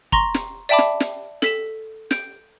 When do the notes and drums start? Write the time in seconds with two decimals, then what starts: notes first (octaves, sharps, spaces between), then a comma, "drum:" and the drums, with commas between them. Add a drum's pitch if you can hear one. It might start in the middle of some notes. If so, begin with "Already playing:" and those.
0.12 A#5 C6 C#6 A#6, drum: kick
0.34 drum: snare
0.69 D5 E5 G5 A5 B5 D6
0.78 drum: snare
1.00 drum: snare
1.42 A4 B6 E7, drum: snare
2.11 G6 D7, drum: snare